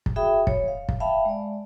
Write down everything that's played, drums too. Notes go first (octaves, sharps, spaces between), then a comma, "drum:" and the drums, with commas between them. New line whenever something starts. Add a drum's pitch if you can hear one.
drum: kick
F#4 G#4 E5 G5 B5 D#6
C#5, drum: kick
F5
drum: kick
E5 F5 G5 A5 B5
G#3 D5